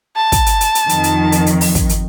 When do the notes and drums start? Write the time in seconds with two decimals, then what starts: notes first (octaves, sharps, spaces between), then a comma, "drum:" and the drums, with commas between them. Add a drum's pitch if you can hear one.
0.16 A5
0.32 drum: kick, hi-hat
0.46 drum: hi-hat
0.61 drum: hi-hat
0.75 drum: hi-hat
0.89 F2 D#3, drum: hi-hat
1.04 drum: hi-hat
1.32 drum: hi-hat
1.46 drum: hi-hat
1.61 drum: open hi-hat
1.75 drum: kick, hi-hat
1.89 drum: hi-hat